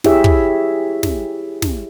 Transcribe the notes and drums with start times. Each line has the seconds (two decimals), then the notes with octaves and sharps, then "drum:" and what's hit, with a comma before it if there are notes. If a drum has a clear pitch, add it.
0.04 E4 G4 G#4 C#5 E5, drum: snare
0.24 drum: kick
1.03 drum: snare
1.62 drum: snare